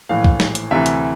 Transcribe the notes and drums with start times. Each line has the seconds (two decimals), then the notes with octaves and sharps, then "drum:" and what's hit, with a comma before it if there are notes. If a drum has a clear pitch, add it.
0.09 A#1 A2 E3 F5
0.24 drum: kick C2
0.40 drum: snare
0.55 drum: hi-hat
0.71 D2 C3 E3 E5
0.86 drum: hi-hat